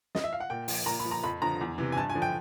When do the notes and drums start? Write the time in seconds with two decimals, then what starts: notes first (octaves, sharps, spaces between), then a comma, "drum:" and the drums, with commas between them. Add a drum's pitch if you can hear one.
0.15 D#5, drum: snare
0.24 E5
0.33 F5
0.40 F#5
0.50 A#2 G5
0.68 F3, drum: open hi-hat
0.86 A#2 A#5
1.00 B5
1.05 F3
1.11 A#5
1.23 F2 B5
1.42 D3 F3 A#5
1.61 E2
1.78 C3 E3
1.92 G#5
1.96 G2 A5
2.10 G#5
2.15 D3 F3
2.22 G5